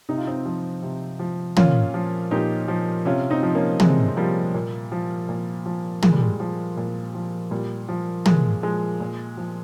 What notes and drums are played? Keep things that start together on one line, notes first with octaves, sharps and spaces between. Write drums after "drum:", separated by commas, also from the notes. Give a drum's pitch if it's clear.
C3 D#4
F4
C4 D#4
F3
C3
F3
A#2 C#4 F4, drum: tom
F3
A#2 D#4 G4
F3
C3 C#4 F4
C4 D#4
F3
A#3 C#4
C3 G#3 C4, drum: tom
C4
F3 G3 A#3
A#2
F3
A#2
F3
A#2 G#3, drum: tom
G3
G#3
F3
A#2
F3
A#2 G3
F3
A#2 G#3, drum: tom
F3 G#3
A#2
F3